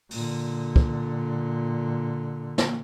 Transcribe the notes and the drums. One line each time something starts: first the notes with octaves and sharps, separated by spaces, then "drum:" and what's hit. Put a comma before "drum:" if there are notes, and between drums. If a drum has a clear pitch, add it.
A#2 D3, drum: open hi-hat
drum: kick
drum: snare